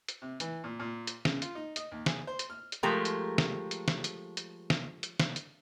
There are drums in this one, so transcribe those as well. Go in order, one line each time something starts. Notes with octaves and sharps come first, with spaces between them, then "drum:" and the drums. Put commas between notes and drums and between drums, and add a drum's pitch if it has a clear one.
drum: hi-hat
C3
E3, drum: hi-hat
A#2
A#2
drum: hi-hat
C#3, drum: snare
F4, drum: hi-hat
D#4
D#5, drum: hi-hat
D#2
G#4, drum: snare
C5
drum: hi-hat
F6
drum: hi-hat
F3 G#3 A3 G4 A#4 A#5
drum: hi-hat
drum: snare
drum: hi-hat
drum: snare
drum: hi-hat
drum: hi-hat
drum: snare
drum: hi-hat
drum: snare
drum: hi-hat